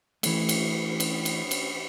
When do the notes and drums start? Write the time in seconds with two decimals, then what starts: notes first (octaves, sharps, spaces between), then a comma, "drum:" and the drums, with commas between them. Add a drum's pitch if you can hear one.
0.23 E3 A3, drum: cymbal
0.49 drum: cymbal
1.00 drum: cymbal
1.25 drum: cymbal
1.51 drum: cymbal